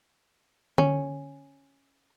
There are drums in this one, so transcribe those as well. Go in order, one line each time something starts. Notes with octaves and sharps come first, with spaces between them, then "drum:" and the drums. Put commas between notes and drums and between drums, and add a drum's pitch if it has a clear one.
C#4, drum: tom D3